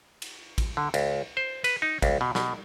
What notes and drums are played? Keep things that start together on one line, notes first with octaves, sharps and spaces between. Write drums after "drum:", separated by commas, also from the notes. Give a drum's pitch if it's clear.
drum: cymbal
drum: kick, cymbal
D3
C#2, drum: cymbal
C5
B4, drum: cymbal
D#4
C#2, drum: kick, cymbal
B2
B2, drum: snare